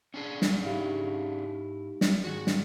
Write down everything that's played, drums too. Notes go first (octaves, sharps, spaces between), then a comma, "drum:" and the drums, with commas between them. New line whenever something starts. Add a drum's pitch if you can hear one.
C#4 D4 G#4
drum: snare
G#2 D#4 E4 G4 F5
drum: snare
G#2 D#3 G#3 F#4
drum: snare